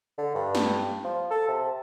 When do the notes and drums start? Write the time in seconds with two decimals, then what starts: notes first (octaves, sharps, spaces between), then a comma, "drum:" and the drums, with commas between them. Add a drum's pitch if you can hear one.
0.18 D3
0.35 G2
0.55 drum: snare
1.05 F3
1.31 A4
1.48 C3